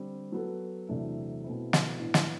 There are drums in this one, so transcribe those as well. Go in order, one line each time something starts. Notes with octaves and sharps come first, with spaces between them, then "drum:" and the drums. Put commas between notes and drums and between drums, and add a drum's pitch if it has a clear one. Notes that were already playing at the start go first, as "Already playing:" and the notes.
Already playing: D3 G3 C4
F#3 B3 F#4 A4
E2 C3 F#3 A3 D4
B2 A3 C4 E4
drum: snare
A2 E3 B3 D4
drum: snare